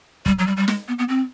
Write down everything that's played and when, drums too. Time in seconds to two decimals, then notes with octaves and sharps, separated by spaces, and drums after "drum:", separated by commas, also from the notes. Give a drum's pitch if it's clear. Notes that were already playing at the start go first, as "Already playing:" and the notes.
0.26 G3, drum: kick
0.39 F#3
0.47 G3
0.57 G3
0.68 G#3, drum: snare
0.88 B3
0.99 B3
1.09 C4